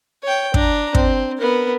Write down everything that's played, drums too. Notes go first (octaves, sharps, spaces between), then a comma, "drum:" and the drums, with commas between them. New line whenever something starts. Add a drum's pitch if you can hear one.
C#5 G5
D4 A#5, drum: kick
C4, drum: kick
B3 A#4